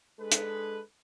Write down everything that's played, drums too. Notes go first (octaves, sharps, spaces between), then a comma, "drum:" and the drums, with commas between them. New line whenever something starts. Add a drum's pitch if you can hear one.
G#3 D4 A4 B4
drum: hi-hat